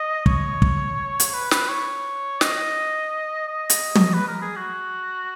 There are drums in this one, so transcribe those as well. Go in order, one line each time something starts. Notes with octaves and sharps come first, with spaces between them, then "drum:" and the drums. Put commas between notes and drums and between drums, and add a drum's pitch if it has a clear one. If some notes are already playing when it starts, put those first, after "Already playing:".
Already playing: D#5
C#5, drum: kick
drum: kick
drum: hi-hat
B4
B4, drum: snare
C#5
D#5, drum: snare
D#5
drum: hi-hat
drum: tom
B4
A#4
G#4
F#4